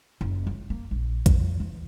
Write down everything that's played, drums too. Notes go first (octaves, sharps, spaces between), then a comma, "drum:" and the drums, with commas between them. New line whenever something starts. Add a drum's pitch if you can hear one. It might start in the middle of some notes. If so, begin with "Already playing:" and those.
F#1
C#2
A#3
A#1
F2, drum: kick A#1, hi-hat
E3